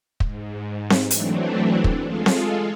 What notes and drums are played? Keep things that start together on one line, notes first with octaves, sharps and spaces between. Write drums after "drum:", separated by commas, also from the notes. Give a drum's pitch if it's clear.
G#2, drum: kick
drum: snare C4
E3 F#3 A3 C4 D4, drum: hi-hat
drum: kick
G#3 F4 G#4 A4
drum: snare C4